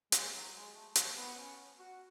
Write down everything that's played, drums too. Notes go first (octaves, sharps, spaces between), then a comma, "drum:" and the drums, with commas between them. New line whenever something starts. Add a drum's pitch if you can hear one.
G#3, drum: hi-hat
F#3
G#3
A3
A3, drum: hi-hat
B3
C#4
F#4